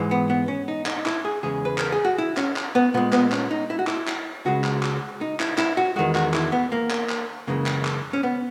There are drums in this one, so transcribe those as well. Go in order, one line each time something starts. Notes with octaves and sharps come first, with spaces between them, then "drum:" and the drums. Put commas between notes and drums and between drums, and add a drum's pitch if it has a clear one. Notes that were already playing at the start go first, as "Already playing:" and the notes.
Already playing: G#2 E3 G#3
B3
B3
C#4
D#4
D#4, drum: clap
D#4
E4, drum: clap
G#4
E2 C#3 G#3 G#4
B4
A#4, drum: clap
G#4
F#4
E4
C#4, drum: clap
drum: clap
B3
A#2 G#3 B3
B3, drum: clap
C#4, drum: clap
D#4
E4
F#4
E4, drum: clap
drum: clap
C#2 C#3 G#3 F#4
drum: clap
drum: clap
D#4
E4, drum: clap
E4, drum: clap
F#4
E2 D#3 G#3 F#4
F#4, drum: clap
E4, drum: clap
B3
A#3
drum: clap
drum: clap
F#2 C#3 E3 G#3 A#3
drum: clap
drum: clap
C#4
B3